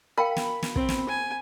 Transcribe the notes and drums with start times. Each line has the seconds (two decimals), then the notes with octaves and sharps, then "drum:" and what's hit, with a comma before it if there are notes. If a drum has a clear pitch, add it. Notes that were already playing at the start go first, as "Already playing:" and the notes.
0.17 A#4 F5 G5 B5
0.36 drum: snare
0.63 drum: snare
0.76 C4, drum: kick
0.89 drum: snare
1.09 G#5